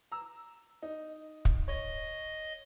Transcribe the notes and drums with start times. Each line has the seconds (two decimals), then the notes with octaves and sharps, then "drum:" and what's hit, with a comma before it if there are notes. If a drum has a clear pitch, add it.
0.12 A#5 E6
0.82 D#4
1.45 drum: kick
1.68 C#5 D#5